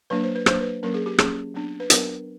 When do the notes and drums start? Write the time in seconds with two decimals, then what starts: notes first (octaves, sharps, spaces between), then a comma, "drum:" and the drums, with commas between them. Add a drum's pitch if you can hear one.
0.10 F#3 A#3 D4 B4
0.23 C5
0.35 B4
0.46 F#3 A#3 D4 C5, drum: rim click
0.61 B4
0.83 F#3 A#3 C#4 A#4
0.94 G#4
1.06 G4
1.18 F#3 A#3 C#4 G#4, drum: rim click
1.54 F#3 B3 D4
1.80 B4
1.90 F#3 B3 D4 A#4, drum: hi-hat